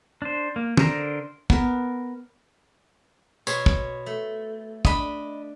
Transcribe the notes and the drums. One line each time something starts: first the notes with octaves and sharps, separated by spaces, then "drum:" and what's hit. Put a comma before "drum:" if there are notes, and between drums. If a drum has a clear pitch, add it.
D4 C5
A#3
D3 D4 A#4 C5 A#5, drum: tom
B3 A#4, drum: kick
B2 C#5 C6, drum: tambourine
drum: kick
A3
D4 D#5 B5, drum: kick